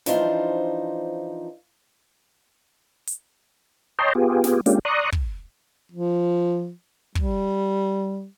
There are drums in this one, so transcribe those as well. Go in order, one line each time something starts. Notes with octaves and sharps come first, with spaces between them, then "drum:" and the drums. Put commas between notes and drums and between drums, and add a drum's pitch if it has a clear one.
E3 F3 D4 D#4 F4 C5, drum: snare
drum: hi-hat
C#5 D#5 G5 A5 A#5 C6
B3 F4 G4 G#4
drum: snare
G#3 A#3 C#4 D4 F4 G4, drum: hi-hat
D5 A#5 C6 C#6 D#6 F#6
drum: kick
F3
G3, drum: kick